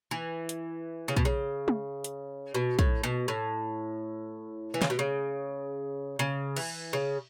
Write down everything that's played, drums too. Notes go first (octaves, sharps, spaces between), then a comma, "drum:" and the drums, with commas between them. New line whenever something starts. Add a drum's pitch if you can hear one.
E3
drum: hi-hat
C#3
B2, drum: kick
C#3
drum: tom
drum: hi-hat
B2
A2, drum: kick
B2
A2
E3
C#3, drum: snare
B2
C#3
C#3
E3, drum: cymbal
C#3